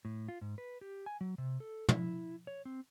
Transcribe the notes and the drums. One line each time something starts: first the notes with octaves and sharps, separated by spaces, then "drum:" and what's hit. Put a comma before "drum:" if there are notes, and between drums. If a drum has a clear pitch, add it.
A2
F4
G#2
B4
G4
G#5
F#3
C3
A4
E4, drum: tom
C#5
C4